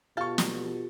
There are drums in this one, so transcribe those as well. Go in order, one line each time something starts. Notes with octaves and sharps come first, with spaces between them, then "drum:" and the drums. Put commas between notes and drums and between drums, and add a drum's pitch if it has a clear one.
B2 F4 G4 A4 F5 A5 C#6 A6
drum: snare